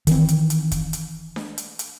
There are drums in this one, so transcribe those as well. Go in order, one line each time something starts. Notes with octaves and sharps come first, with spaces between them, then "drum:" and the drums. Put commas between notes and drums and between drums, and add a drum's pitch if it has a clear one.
D#3 E3 C4, drum: kick, hi-hat
drum: hi-hat
drum: hi-hat
drum: kick, hi-hat
drum: hi-hat
drum: snare D4
drum: hi-hat
drum: hi-hat